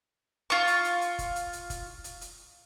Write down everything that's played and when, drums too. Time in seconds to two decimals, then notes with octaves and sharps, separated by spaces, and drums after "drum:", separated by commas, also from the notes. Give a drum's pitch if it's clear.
0.50 F4 C#6
0.67 drum: hi-hat
0.84 drum: hi-hat
1.01 drum: hi-hat
1.19 drum: kick F1, hi-hat
1.36 drum: hi-hat
1.53 drum: hi-hat
1.70 drum: kick F1, hi-hat
2.04 drum: hi-hat
2.21 drum: hi-hat